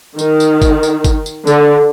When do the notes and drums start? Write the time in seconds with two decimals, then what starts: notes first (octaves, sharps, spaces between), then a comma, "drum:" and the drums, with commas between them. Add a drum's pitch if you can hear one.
0.19 D#3, drum: tambourine
0.40 drum: tambourine
0.62 drum: kick, tambourine
0.83 drum: tambourine
1.04 drum: kick, tambourine
1.26 drum: tambourine
1.47 D3, drum: tambourine